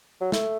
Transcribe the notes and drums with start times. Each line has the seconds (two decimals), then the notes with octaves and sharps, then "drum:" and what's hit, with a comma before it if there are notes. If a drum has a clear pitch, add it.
0.21 F#3
0.32 A3, drum: snare